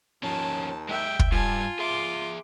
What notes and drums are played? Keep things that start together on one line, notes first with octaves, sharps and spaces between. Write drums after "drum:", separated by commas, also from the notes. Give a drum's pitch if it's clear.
D#2 F3 C#4 A5
G#3 G4 E5 G5
drum: kick
G2 F4 G#5 A5
G#4 E5 C6 D6